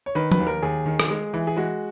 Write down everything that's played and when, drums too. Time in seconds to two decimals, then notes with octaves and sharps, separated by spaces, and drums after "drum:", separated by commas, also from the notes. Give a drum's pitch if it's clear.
0.06 C#5
0.15 D#3 B4
0.32 B4, drum: tom
0.39 D#2
0.47 A#4
0.62 D#2 G#4
0.86 D#3
1.00 drum: rim click
1.10 G#3
1.34 E3
1.47 G#4
1.57 G#3 F#4